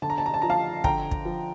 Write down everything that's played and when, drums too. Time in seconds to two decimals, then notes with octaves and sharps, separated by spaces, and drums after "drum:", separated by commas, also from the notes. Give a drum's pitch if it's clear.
0.02 D3 A5
0.10 A#5
0.18 A5
0.26 A#5
0.34 A5
0.42 F3 A#5
0.50 F5 A5
0.84 D3 G5 A#5, drum: kick
1.11 drum: kick
1.25 F3